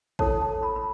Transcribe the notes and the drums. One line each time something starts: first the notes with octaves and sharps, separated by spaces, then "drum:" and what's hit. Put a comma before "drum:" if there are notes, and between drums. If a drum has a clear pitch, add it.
E4 A4 C#5 A5, drum: kick
A5
B5
B5